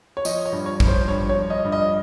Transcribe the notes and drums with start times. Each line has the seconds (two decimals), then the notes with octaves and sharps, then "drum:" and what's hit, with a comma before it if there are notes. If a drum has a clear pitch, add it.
0.17 C#5
0.25 F3 D#5, drum: tambourine
0.46 C#5
0.52 G2
0.66 C#5
0.80 F3, drum: kick A1
0.87 C5
1.08 G2 C#5
1.29 C#5
1.37 F3
1.50 D#5
1.65 G2
1.72 D#5